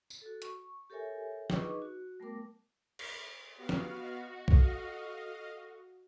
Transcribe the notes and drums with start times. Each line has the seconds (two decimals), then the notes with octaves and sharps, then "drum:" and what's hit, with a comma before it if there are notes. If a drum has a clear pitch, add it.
0.10 drum: tambourine
0.21 F#4 A4
0.42 C#6, drum: hi-hat
0.90 G4 A4 A#4 C#5 E5 G#5
1.50 D#4 G#4 B4 D#5 C#6 D6, drum: snare
1.82 F#4
2.20 G3 A3 B3 A#4 D6
2.99 drum: cymbal
3.58 B3 F#4 G4 F5
3.69 drum: snare
4.02 D#5
4.48 A4 D#5 F5, drum: kick